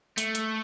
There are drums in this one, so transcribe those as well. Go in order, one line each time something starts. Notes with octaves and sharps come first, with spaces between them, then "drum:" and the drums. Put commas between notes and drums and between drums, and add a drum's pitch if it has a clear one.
A3, drum: hi-hat
drum: hi-hat